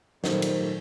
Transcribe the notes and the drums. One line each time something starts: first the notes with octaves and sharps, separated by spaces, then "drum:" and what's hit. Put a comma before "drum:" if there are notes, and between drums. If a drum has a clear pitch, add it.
A#2 D#3 F#3 G3 A3 C5, drum: snare
drum: cymbal